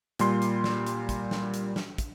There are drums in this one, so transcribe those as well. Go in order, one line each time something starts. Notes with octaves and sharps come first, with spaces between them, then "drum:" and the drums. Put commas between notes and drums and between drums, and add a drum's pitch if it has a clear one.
A#2 G3 C6, drum: hi-hat
drum: hi-hat
drum: snare
drum: hi-hat
drum: kick, hi-hat
drum: snare
drum: hi-hat
drum: snare
drum: kick, hi-hat